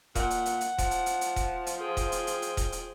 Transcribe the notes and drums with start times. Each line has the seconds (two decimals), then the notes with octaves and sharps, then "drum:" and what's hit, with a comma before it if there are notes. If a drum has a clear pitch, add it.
0.15 A#2 F#5, drum: kick D#1, hi-hat
0.30 drum: hi-hat
0.46 drum: hi-hat
0.61 drum: hi-hat
0.78 F3, drum: kick D#1, hi-hat
0.91 drum: hi-hat
1.06 drum: hi-hat
1.21 drum: hi-hat
1.36 drum: kick D#1, hi-hat
1.67 drum: hi-hat
1.78 G#4 G5
1.97 drum: kick D#1, hi-hat
2.12 drum: hi-hat
2.27 drum: hi-hat
2.42 drum: hi-hat
2.57 drum: kick D#1, hi-hat
2.72 drum: hi-hat